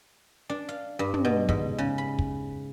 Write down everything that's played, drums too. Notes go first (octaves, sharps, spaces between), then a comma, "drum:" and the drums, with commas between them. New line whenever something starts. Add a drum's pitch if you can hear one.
D4
F5
G2
drum: tom
B2
G#2, drum: kick
C#3
B5
drum: kick